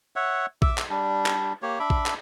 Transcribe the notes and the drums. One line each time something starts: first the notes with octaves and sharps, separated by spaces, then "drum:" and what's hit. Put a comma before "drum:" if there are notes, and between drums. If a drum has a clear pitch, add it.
C#5 E5 F#5
E5 D6 E6, drum: kick A#1
drum: clap
G3 D4
drum: clap
A#3 G4 C#5
D4 E5 B5 D6
drum: kick A#1
drum: clap